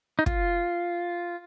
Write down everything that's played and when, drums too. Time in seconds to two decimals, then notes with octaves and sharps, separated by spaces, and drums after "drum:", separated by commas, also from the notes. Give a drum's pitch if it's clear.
0.19 D#4
0.26 F4, drum: kick